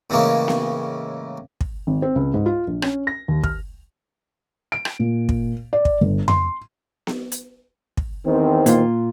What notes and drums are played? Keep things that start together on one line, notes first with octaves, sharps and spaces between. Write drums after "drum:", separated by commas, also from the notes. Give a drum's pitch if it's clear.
A2 C#3 E3 G#3 A#3 C#4
drum: snare B3
drum: kick
G#1
C4
C#2
G#2
F4
A#1
C#4, drum: rim click
A#6
D#2
F6, drum: kick
D7
drum: rim click
A#2
drum: kick
D5
drum: kick
G1
C6, drum: tom F2
drum: snare B3
drum: hi-hat
drum: kick
E2 D#3 C4
A#2 F4, drum: hi-hat